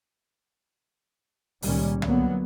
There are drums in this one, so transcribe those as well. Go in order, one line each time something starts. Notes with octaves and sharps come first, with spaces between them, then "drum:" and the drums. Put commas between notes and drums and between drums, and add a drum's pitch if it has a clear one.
C#2 A#2 D#3 G3 C#4, drum: open hi-hat
D3 F#3 A#3 B3, drum: tom